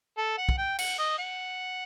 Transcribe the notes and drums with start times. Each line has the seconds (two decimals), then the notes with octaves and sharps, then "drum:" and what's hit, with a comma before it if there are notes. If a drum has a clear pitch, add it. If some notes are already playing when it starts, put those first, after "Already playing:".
0.17 A4
0.38 F#5
0.49 drum: kick
0.58 G5
0.79 F#5, drum: cymbal
0.98 D#5
1.19 F#5